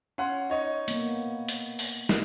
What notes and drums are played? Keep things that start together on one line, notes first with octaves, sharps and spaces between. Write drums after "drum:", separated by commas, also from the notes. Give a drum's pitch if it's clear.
C#4 F#5 C6
D#4 C#5 D#5
A#3 B3, drum: hi-hat
drum: hi-hat
drum: open hi-hat
drum: snare